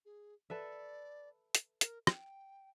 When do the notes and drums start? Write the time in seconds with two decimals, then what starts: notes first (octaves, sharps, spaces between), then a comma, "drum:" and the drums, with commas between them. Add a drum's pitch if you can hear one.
0.05 G#4
0.50 A4 B4 D5 E5
1.55 drum: hi-hat
1.81 A#4, drum: hi-hat
2.07 G5, drum: rim click